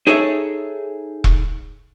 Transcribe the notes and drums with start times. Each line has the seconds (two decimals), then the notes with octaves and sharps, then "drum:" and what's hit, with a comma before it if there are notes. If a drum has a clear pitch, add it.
0.07 D#4 G#4 A4 C#5 D#5 E5
1.24 drum: kick E1